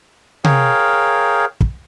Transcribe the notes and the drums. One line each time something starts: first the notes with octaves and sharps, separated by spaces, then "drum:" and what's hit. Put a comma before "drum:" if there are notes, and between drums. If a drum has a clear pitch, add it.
G#4 A#4 C#5 F5 G5, drum: tom C3
drum: kick